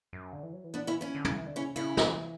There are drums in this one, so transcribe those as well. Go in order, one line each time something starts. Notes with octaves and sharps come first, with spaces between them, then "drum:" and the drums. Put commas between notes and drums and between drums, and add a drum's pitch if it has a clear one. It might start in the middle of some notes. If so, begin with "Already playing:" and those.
F#2
D3
E3
F#3
E3
B3 D4
C#4 E4
C#4 E4
D3
C#3, drum: tom
E3
D3
C#3 C#4 E4
C#3 C#4 E4
E3, drum: snare